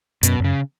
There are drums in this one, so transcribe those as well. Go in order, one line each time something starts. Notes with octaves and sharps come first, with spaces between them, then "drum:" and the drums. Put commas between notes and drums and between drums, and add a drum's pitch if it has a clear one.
F#2 B2, drum: hi-hat
F#2 C#3